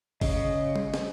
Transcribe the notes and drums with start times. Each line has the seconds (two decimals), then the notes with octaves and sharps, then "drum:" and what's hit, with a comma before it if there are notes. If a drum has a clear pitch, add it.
0.21 C#3 D#5, drum: kick G1, open hi-hat
0.76 drum: tom
0.94 drum: snare